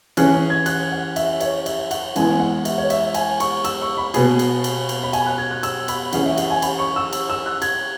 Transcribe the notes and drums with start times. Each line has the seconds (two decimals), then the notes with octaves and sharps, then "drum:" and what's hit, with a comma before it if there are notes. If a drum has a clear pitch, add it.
0.17 E3 C#4 G#4 F#6, drum: cymbal
0.33 F#6
0.50 G#6
0.66 F#6, drum: cymbal
0.92 F#5
1.16 E5, drum: cymbal
1.40 C#5, drum: cymbal
1.66 E5, drum: cymbal
1.91 F#5, drum: cymbal
2.16 E3 G#3 B3 E4 G#5, drum: cymbal
2.40 F#5
2.65 E5, drum: cymbal
2.78 C#5
2.90 E5, drum: cymbal
3.14 G#5, drum: cymbal
3.40 C#6, drum: cymbal
3.64 E6, drum: cymbal
3.82 C#6
3.97 B5
4.14 B2 B3 G#4, drum: cymbal
4.39 drum: cymbal
4.64 drum: cymbal
4.89 drum: cymbal
5.03 B5
5.13 G#5, drum: cymbal
5.26 F#6
5.38 G#6
5.51 F#6
5.63 E6, drum: cymbal
5.88 B5, drum: cymbal
6.13 E3 C#4 G#4 F#5, drum: cymbal
6.26 E5
6.38 F#5, drum: cymbal
6.50 G#5
6.62 B5, drum: cymbal
6.79 C#6
6.96 E6
7.13 drum: cymbal
7.30 E6
7.46 F#6
7.62 G#6, drum: cymbal